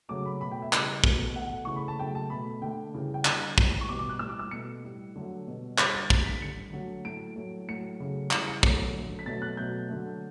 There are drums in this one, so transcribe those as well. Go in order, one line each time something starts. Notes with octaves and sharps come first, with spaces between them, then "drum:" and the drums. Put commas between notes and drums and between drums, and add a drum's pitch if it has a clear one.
C#3 F#3 A3 D6
B5
B2 A3 B5
G5
E5
C#3 E3 G3, drum: clap
B2 A3, drum: kick
B2 A3 F#5
C#3 E3 A3 C#6
B5
A5
C#3 F#3 A3 G5
A5
B2 A3 B5
D3 A3 G5
C#3 E3 G3
G5
D3 G3 A5, drum: clap
A2 G3, drum: kick
C#6
B2 G3 D6
D6
F#6
A2 G3 E6
D6
E6
B2 A3 C#7
A2 G3
D3 F#3 A3
B2 G3
D3 G3 B6, drum: clap
A6
D3 A3 B6, drum: kick
B6
D3 G3 C#7
D3 F#3 A3
A2 F#3 A3 D7
A2 F#3 A3
A2 F#3 A3 C#7
C#3 F#3 A3
C#3 E3 G3 C#7, drum: clap
C#7
B2 F#3 A3 C#7, drum: kick
D3 F#3 A3
B6
B2 F#3 A3 A6
F#6
B2 F#3 A3 G6
D3 F#3 A3